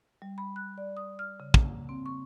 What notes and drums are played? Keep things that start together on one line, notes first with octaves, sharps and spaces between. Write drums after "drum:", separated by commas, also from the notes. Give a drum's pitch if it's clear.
G3
B5
F#6
D5
D#6
F6
C#3
A#3, drum: kick
C4
C#6